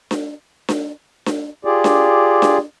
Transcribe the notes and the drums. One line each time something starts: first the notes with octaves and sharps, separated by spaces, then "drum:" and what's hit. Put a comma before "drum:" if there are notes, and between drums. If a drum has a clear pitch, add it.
drum: snare D4
drum: snare D4
drum: snare D4
F4 G4 G#4 D5
drum: snare D4
drum: snare D4